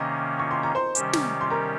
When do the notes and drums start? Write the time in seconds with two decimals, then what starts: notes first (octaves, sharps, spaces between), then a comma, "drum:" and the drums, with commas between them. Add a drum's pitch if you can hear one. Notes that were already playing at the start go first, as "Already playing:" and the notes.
Already playing: C3 D#3 A#3 C#4 D#5
0.39 C#6
0.51 C6
0.63 A#5
0.75 C5 C6
0.95 C3 D#3 G3 C#4 G4, drum: hi-hat
1.13 drum: snare
1.41 C6
1.50 A#4 A#5